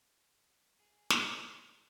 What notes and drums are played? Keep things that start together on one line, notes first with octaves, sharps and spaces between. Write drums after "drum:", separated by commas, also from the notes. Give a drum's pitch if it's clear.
G#4
drum: snare